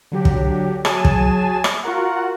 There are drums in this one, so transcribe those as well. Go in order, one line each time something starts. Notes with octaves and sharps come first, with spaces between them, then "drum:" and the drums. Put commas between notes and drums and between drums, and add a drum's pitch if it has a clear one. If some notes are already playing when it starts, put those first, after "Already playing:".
D3 F#3 G4
drum: kick
F#3 G#4 G#5 A5 E7, drum: rim click
drum: kick
drum: rim click
F4 F#4 A#4 F#5